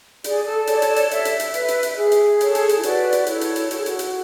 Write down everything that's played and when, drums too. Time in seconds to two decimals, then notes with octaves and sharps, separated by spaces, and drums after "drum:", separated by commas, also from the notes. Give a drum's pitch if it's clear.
0.24 G#4 D5, drum: hi-hat
0.46 A4
0.67 A4 C#5, drum: hi-hat
0.82 drum: hi-hat
0.96 drum: hi-hat
1.11 E5, drum: hi-hat
1.25 drum: hi-hat
1.40 drum: hi-hat
1.54 B4, drum: hi-hat
1.68 drum: hi-hat
1.83 drum: hi-hat
1.97 G#4
2.12 drum: hi-hat
2.41 A4 C#5, drum: hi-hat
2.55 drum: hi-hat
2.69 drum: hi-hat
2.79 E4
2.83 F#4 B4 D5, drum: hi-hat
3.12 drum: hi-hat
3.26 E4 A4 C#5, drum: hi-hat
3.41 drum: hi-hat
3.56 drum: hi-hat
3.71 F#4, drum: hi-hat
3.78 G#4
3.86 F#4, drum: hi-hat
3.99 drum: hi-hat